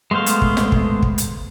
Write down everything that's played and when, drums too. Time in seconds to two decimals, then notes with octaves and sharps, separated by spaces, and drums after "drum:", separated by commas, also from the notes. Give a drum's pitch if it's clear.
0.11 G#3 A3 B3 C5 F5
0.26 drum: hi-hat
0.42 drum: kick
0.57 drum: snare
0.72 drum: kick
1.03 drum: kick
1.18 drum: hi-hat